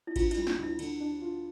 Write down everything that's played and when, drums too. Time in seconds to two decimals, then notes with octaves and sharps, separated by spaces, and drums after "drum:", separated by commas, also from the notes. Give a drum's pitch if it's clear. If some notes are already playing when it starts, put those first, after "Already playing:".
0.07 E4
0.16 D2 F4, drum: kick G#1, cymbal
0.31 E4, drum: cymbal
0.37 G3
0.47 D4, drum: snare
0.58 D2 E4
0.79 D3, drum: cymbal
1.00 D4
1.22 F4